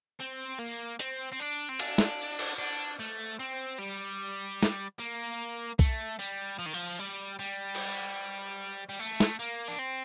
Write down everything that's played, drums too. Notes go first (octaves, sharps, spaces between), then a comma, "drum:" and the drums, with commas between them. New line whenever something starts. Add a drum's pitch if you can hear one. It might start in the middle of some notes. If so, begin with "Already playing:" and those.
C4
A#3
C4, drum: hi-hat
C4
D4
C4
D4, drum: cymbal
drum: snare
drum: cymbal
D4
A3
C4
G3
drum: snare
A#3
A3, drum: kick B1
G3
F3
D#3
F3
G3
G3
drum: cymbal
G3
A3
drum: snare
A#3
D4
C4